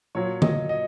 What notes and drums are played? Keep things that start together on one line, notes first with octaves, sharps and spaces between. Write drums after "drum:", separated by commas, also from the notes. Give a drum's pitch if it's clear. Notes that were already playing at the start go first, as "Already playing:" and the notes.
A#2 F#3 C#5
D#5, drum: tom D3
D#5